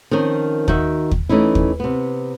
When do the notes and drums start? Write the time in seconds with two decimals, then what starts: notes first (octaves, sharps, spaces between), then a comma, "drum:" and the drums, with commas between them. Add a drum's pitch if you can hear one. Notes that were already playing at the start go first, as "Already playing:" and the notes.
0.11 D#3 F3 C4 C#4 A#4
0.68 D#3 D#4 F#4 E5, drum: kick
1.11 drum: kick
1.29 E3 A3 C#4 D#4 E4
1.55 drum: kick
1.80 C3 B3